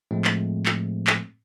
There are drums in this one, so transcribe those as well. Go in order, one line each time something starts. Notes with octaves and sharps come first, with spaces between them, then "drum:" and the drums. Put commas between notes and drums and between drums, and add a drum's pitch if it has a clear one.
A2 F3 G#3 A3 C4
drum: clap
drum: clap
drum: clap